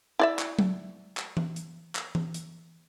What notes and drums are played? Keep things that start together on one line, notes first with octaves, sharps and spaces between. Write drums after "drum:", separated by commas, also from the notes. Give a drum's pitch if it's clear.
E4 D5 E5
drum: clap
drum: tom F#3
drum: clap
drum: tom E3
drum: hi-hat
drum: clap
drum: tom E3
drum: hi-hat